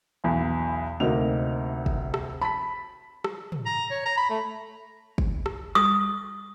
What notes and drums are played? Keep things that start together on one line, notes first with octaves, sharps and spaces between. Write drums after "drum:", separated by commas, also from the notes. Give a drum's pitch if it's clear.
B1 E2
D2 C3 A#3 D#4 F7
drum: kick
drum: rim click
A5 B5 B6
drum: rim click
drum: tom
A#5
C#5
A#5
B5
A3
drum: kick
drum: rim click
D#6